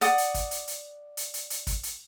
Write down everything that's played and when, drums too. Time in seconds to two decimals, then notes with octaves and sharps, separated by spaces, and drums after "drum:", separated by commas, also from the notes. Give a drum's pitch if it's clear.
0.01 D5 F#5 D#6, drum: hi-hat
0.18 drum: hi-hat
0.34 drum: kick, hi-hat
0.51 drum: hi-hat
0.67 drum: hi-hat
1.17 drum: hi-hat
1.34 drum: hi-hat
1.50 drum: hi-hat
1.67 drum: kick, hi-hat
1.83 drum: hi-hat